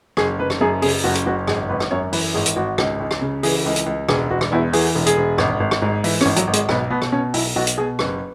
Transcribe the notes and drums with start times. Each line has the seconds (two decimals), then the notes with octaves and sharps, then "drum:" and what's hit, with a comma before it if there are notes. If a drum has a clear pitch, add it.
0.17 F#1 G#4, drum: rim click
0.39 F#1 B4
0.50 drum: rim click
0.61 F#2 G#4
0.82 C#3 G#4, drum: open hi-hat
1.04 F#1 F#4
1.15 drum: hi-hat
1.26 F#1 F#4
1.47 G#1 G#4, drum: rim click
1.69 G#1 B4
1.80 drum: rim click
1.91 F#2 C#5
2.13 E3 B4, drum: open hi-hat
2.34 G#1 G#4
2.46 drum: hi-hat
2.56 G#1 F#4
2.78 C#2, drum: rim click
3.00 C#2
3.11 drum: rim click
3.21 C#3
3.43 E3 G#4, drum: open hi-hat
3.66 C#2
3.76 drum: hi-hat
3.86 C#2
4.09 E1 G#4, drum: rim click
4.30 E1 F#4
4.41 drum: rim click
4.52 E2 E4
4.73 E3 G#4, drum: open hi-hat
4.95 E1
5.06 G#4, drum: hi-hat
5.17 E1
5.38 G#1, drum: rim click
5.60 G#1
5.71 drum: rim click
5.82 G#2
6.04 E3 E4, drum: open hi-hat
6.21 C#4, drum: rim click
6.25 G#1
6.36 F#3, drum: hi-hat
6.47 G#1
6.53 G#3, drum: hi-hat
6.69 B1 B3, drum: rim click
6.90 B2 B3
7.02 drum: rim click
7.12 B2 C#4
7.34 B1 E4, drum: open hi-hat
7.56 B1 F#4
7.67 drum: hi-hat
7.77 B2 G#4
7.99 F#1 B4, drum: rim click